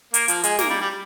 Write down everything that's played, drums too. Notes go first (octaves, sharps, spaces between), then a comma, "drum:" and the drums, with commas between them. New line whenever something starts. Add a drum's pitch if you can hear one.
A#3, drum: hi-hat
F3, drum: hi-hat
G#3, drum: hi-hat
A#3, drum: snare
G3
G3